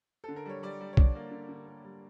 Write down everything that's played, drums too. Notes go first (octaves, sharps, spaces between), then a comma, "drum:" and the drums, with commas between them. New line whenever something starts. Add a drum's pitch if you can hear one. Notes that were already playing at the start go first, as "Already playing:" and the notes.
D3 A4
A#4
G3 C#5
G3 D5
G3
C#5
D3 D5, drum: kick B1
A#3
D3
D3
A#3
G3